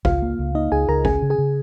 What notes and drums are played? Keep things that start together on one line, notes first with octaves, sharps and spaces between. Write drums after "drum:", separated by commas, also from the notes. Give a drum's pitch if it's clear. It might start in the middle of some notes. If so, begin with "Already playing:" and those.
C#2 F4 F5, drum: kick G#1
A#3
C#2
A#3 D#4 D#5
C#2 G#4 G#5
C#2 A#4 A#5
C#4 G#4 G#5, drum: kick G#1
C#3
G#4 G#5
C#3